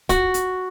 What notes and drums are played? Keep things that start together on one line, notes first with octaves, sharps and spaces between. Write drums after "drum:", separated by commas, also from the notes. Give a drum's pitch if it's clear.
F#4, drum: kick, hi-hat
drum: hi-hat